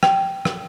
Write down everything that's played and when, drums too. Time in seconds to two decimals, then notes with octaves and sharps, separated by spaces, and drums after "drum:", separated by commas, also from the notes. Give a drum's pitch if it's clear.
0.03 G5, drum: rim click
0.45 drum: rim click